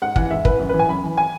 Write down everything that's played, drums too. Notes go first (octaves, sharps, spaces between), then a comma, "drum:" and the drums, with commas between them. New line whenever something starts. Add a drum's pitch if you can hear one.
G#2 F#5
E3 F#5, drum: kick
G#2 E5
E3 B4, drum: kick
F#2
E3 B4
G#5
F#2 B5
E3
G#5